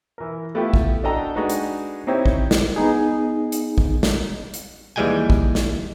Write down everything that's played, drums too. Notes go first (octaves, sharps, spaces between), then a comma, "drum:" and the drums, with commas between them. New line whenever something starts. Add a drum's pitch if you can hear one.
E3 A#4
A3 B3 E4 F4 G4
drum: kick
D4 F#4 A4 D#5 G5 A#5
G#3 D4 D#4 F#4 B4
drum: hi-hat
C4 D#4 E4 G4 C5 C#5
drum: kick
drum: snare
B3 D#4 G#4
drum: hi-hat
drum: kick
drum: snare
drum: hi-hat
D#2 E3 G3 G#3 G5 G#5
drum: kick
drum: snare